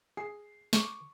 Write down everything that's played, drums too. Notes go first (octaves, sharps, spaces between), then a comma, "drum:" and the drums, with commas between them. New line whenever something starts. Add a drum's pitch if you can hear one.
G#4 C7
C#6 D6, drum: snare